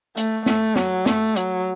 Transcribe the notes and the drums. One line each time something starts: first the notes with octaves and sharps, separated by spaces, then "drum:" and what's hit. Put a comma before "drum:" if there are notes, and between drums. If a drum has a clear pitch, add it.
A3, drum: hi-hat
A3, drum: snare
F#3, drum: snare
A3, drum: snare
F#3, drum: hi-hat